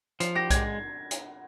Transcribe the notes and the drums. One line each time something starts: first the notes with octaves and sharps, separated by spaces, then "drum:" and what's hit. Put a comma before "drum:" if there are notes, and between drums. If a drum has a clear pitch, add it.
F3 C7, drum: hi-hat
G4 A#6
G#3 G#6, drum: kick B1, hi-hat
drum: hi-hat